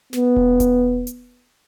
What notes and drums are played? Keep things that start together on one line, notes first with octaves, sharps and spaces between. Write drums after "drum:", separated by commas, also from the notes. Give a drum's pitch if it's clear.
B3, drum: snare
drum: kick E1
drum: kick E1, hi-hat
drum: hi-hat